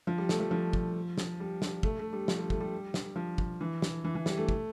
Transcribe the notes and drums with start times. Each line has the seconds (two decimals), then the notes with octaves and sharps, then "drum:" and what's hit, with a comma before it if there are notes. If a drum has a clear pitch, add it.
0.07 F3
0.18 G3
0.29 A3, drum: snare
0.40 F3
0.51 F3
0.73 drum: kick
1.18 drum: snare
1.40 G3
1.62 drum: snare
1.83 A3, drum: kick
1.99 A3
2.13 G3
2.28 F3, drum: snare
2.39 G3
2.50 A3, drum: kick
2.60 G3
2.94 drum: snare
3.16 F3
3.38 drum: kick
3.61 E3
3.82 drum: snare
4.04 E3
4.15 E3
4.26 G3, drum: snare
4.37 A3
4.49 drum: kick